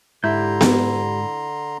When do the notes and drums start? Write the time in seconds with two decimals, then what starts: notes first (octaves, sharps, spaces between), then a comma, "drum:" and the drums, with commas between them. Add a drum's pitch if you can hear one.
0.24 G#2 D3 E4 G4 A#5 C6 G6
0.61 drum: snare B3